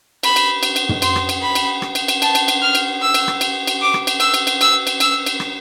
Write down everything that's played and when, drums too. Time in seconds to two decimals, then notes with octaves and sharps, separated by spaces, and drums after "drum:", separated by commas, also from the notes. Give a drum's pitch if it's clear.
0.23 B5, drum: cymbal
0.36 drum: cymbal
0.63 drum: cymbal
0.76 drum: cymbal
0.89 drum: tom
1.02 C6, drum: cymbal
1.16 drum: rim click
1.29 drum: cymbal
1.42 B5
1.55 drum: cymbal
1.82 drum: rim click
1.95 drum: cymbal
2.08 drum: cymbal
2.22 A5, drum: cymbal
2.35 drum: cymbal
2.48 drum: cymbal
2.62 F6
2.75 drum: cymbal
3.02 E6
3.14 drum: cymbal
3.28 drum: rim click
3.41 drum: cymbal
3.67 drum: cymbal
3.81 D6
3.94 drum: rim click
4.07 drum: cymbal
4.20 E6, drum: cymbal
4.34 drum: cymbal
4.47 drum: cymbal
4.61 E6, drum: cymbal
4.87 drum: cymbal
5.00 E6, drum: cymbal
5.26 drum: cymbal
5.40 drum: rim click